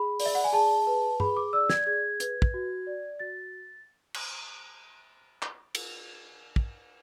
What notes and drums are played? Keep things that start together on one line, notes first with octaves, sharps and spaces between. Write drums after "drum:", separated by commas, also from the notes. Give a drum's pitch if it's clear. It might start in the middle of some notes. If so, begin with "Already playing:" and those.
Already playing: G#4 B5
D5, drum: open hi-hat
E5
F#5
G#5
G#4 A5
B4
G#4 B5, drum: tom G2
D6
D5 E6
G#6, drum: snare
G#4 G#6
B4, drum: hi-hat
drum: kick
F#4
D5
F#4 A6
drum: cymbal
drum: clap
drum: cymbal
drum: kick